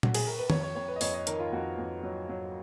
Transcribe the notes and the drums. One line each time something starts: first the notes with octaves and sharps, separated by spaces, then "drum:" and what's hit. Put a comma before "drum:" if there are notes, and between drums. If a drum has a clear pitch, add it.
F#4, drum: tom A#2
G#4, drum: cymbal
A#4
B4
F2 C#5, drum: tom D#3
C#5
F2 C#5
B4
D#5
F2 C#5, drum: open hi-hat
D#5
D#3 A#4, drum: hi-hat
F4
F2 F#4
F2
F#3
F#3